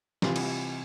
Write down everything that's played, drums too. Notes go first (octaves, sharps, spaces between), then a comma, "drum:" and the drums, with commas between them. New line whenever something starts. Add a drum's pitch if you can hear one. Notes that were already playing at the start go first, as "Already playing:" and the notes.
C3 E3 G3 F4, drum: snare
drum: cymbal